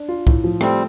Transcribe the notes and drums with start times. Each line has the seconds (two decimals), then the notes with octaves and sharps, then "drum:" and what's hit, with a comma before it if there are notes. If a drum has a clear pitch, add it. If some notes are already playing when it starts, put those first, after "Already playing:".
Already playing: D4
0.09 F4
0.27 A2, drum: kick C2
0.44 F3
0.61 G3 A3 C4, drum: rim click